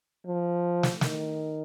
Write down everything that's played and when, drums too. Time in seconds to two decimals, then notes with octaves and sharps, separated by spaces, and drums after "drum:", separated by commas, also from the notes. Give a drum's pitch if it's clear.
0.26 F3
0.83 drum: snare
1.01 D#3, drum: snare